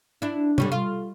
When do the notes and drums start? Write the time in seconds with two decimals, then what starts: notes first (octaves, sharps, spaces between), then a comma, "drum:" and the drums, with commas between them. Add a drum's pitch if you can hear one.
0.22 D4 E4
0.58 D3 G3 C#4, drum: tom C3
0.72 F4